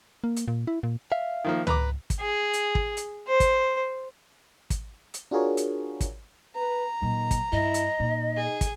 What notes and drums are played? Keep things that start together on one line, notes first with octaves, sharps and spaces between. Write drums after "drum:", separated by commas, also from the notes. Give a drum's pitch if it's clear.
A#3
drum: hi-hat
A#2
E4
A#2
E5 F5
D#3 F3 A#3
B4 A#5 D6, drum: tom C#2
drum: kick, hi-hat
G#4
drum: hi-hat
drum: kick
drum: hi-hat
C5
drum: kick, hi-hat
drum: kick, hi-hat
drum: hi-hat
D4 F4 F#4 G#4 A#4 C#5
drum: hi-hat
drum: kick, hi-hat
B4 A#5
A#2 D#3 F#3
drum: kick, hi-hat
G2 E4 D#5
drum: hi-hat
A#2 D#4
G#4
drum: kick, hi-hat